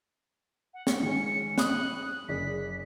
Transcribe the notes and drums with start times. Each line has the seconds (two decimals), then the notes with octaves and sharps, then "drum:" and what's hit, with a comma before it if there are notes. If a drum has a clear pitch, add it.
0.74 F#5
0.87 drum: snare
1.03 D#3 G#3 C#4 C#7
1.58 B5 D#6 F#6, drum: snare
2.29 F#1 G#4 D5 B6